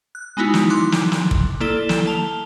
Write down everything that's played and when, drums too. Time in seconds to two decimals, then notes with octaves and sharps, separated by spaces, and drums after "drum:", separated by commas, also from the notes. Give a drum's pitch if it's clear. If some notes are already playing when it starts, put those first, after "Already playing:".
0.15 F#6
0.37 G#3 B3 D#4 E4 F#4
0.54 drum: snare
0.70 C6 D6 F#6
0.92 drum: snare
1.12 drum: snare
1.31 drum: kick
1.60 A#3 E4 A4 D5 E7 G7
1.89 drum: snare
2.06 A#3 A5 F7 G7